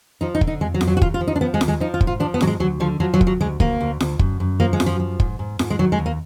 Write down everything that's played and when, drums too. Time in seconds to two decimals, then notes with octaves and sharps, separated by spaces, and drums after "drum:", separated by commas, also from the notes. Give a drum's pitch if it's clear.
0.21 F3 D#4
0.35 D#4
0.41 D3, drum: kick
0.47 D#4
0.61 F2 G#3
0.74 F#3
0.81 F2, drum: snare F4
0.88 F#3
0.97 F#4
1.02 D#2 F4, drum: kick
1.14 F4
1.21 F3
1.28 D#4
1.36 D4
1.41 F3 B3
1.54 G#3
1.61 D#2, drum: snare F4
1.68 G#3
1.80 F3 D#4
1.94 F4
2.01 G#2, drum: kick
2.07 F4
2.20 F3 D4
2.34 B3
2.41 G#2 F#3, drum: snare F4
2.47 G#3
2.60 D2 F#3
2.80 D3 F3
3.00 F3 F#3
3.14 F#3
3.21 D2, drum: kick
3.27 F#3
3.40 D2 G#3
3.60 D2 A#3, drum: kick
3.81 D2
4.00 D2, drum: snare F4
4.19 F#2, drum: kick
4.40 F#2
4.60 F3 A#3
4.73 G#3
4.80 F#2, drum: snare F4
4.86 F3
5.00 F3
5.20 G#2, drum: kick
5.39 G#2
5.59 G#2, drum: snare F4
5.70 G#3
5.79 D#3 F#3
5.92 G#3
5.99 D#2
6.06 A#3